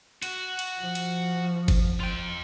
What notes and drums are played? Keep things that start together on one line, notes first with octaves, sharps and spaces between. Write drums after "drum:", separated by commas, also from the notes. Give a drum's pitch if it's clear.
F#4, drum: cymbal
drum: cymbal
F3
drum: cymbal
drum: kick G1, cymbal
F4 G5